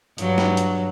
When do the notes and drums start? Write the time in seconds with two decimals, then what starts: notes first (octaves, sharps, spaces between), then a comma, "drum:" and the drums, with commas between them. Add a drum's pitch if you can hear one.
0.18 G2 F#3, drum: hi-hat
0.38 drum: snare
0.57 drum: hi-hat